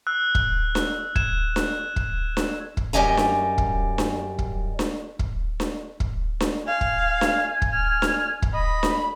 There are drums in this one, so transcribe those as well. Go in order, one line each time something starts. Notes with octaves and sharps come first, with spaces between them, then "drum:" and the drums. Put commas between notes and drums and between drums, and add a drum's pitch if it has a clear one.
E6 F#6
drum: kick
drum: snare D4
G#6 E7, drum: kick
drum: snare D4
drum: kick
drum: snare D4
drum: kick
F#2 G3 G4 D#5 G#5 A#5
drum: snare D4
drum: kick
drum: snare D4
drum: kick
drum: snare D4
drum: kick
drum: snare D4
drum: kick
drum: snare D4
F5 G#5
drum: kick
drum: snare D4
drum: kick
F6
drum: snare D4
drum: kick
D#5 B5
drum: snare D4